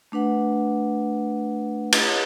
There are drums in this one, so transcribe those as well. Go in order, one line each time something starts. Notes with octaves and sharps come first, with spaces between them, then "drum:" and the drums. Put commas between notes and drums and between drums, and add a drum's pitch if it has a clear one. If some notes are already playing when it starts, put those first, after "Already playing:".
A3 D4 B4 F#5
drum: cymbal